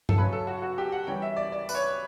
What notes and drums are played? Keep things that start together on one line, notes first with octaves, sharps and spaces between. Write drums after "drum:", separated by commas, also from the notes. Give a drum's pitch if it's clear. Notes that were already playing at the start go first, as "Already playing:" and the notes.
A4, drum: tom G2
C#3 F#3 C#4 B4
A4
F#4
F#4
G4
F#5
E3 G3 C#4 G5
E5
D5
D5
B4, drum: tambourine
C#5